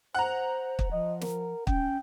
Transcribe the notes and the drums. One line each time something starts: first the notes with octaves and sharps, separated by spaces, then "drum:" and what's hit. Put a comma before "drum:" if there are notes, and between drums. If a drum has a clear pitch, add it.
C5 F#5 A#5
drum: kick
F3 D#5
A#4, drum: snare
C#4 G5, drum: kick